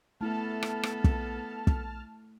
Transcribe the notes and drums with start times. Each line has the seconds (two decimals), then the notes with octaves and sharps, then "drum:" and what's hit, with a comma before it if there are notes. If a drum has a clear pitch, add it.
0.21 A3 B3 E4 A4 A5 F6
0.63 drum: rim click
0.83 drum: rim click
1.04 drum: kick
1.67 drum: kick